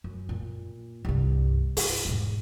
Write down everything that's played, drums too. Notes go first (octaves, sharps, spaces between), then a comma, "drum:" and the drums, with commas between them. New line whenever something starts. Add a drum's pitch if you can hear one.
F#2
A#2
C2 G2
E4, drum: open hi-hat
E1 G#2